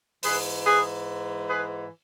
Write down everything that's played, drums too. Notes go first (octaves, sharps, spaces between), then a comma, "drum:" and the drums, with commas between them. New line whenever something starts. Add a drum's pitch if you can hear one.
G#2 E3 G#4 B4, drum: open hi-hat
G#4 B4
G#4 B4